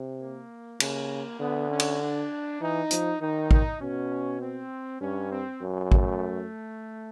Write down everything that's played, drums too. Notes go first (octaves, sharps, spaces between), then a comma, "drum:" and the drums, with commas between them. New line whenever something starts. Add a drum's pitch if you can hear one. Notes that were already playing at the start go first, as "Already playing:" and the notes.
Already playing: C3
A#3
C#3 A#3, drum: cymbal
D3 B3
C#4
drum: cymbal
D4
E3 D#4
F3, drum: hi-hat
D#3 D#4
D#4, drum: kick A1
B2 C#4
C4
G2 C#4
C4
F#2
A3, drum: kick A1